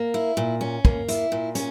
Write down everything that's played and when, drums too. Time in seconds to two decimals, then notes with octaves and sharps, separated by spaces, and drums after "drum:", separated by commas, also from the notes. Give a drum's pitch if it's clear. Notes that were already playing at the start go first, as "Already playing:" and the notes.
Already playing: A#3
0.14 E4
0.37 A#2
0.61 C#4
0.85 A#3, drum: kick
1.08 E4, drum: hi-hat
1.32 A#2
1.55 C#4, drum: hi-hat